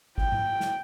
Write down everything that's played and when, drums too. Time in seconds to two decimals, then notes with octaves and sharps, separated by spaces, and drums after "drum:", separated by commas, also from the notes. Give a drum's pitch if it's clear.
0.18 G5, drum: kick G#1
0.32 drum: tom G#2
0.61 drum: snare